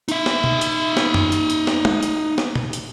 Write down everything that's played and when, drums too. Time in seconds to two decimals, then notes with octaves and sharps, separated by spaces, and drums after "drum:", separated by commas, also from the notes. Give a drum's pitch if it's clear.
0.08 D#4 E5, drum: hi-hat
0.26 drum: snare
0.44 drum: tom
0.61 drum: hi-hat
0.97 drum: snare
1.14 drum: tom F#2
1.32 drum: hi-hat
1.50 drum: hi-hat
1.67 drum: snare
1.85 drum: tom
2.03 drum: hi-hat
2.38 drum: snare
2.56 drum: tom A#2
2.73 drum: hi-hat